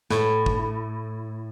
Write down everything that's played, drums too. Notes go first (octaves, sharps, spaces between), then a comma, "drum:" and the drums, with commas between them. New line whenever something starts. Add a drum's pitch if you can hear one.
A2, drum: snare
drum: kick